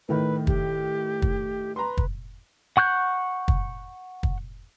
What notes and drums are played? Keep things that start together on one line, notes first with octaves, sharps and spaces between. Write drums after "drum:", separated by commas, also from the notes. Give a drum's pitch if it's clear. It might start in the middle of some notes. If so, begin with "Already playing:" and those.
A2 D#3 B4
G4, drum: kick
drum: kick
B4 A#5 C6
drum: kick
F#5 C#6 F#6 G6
drum: kick
drum: kick